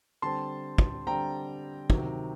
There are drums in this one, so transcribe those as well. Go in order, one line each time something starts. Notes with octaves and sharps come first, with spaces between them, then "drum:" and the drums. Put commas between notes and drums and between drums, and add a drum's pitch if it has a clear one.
D3 G3 C4 A5 C6
drum: kick
D3 G3 C4 G5 A#5
C3 D#3 F#3, drum: kick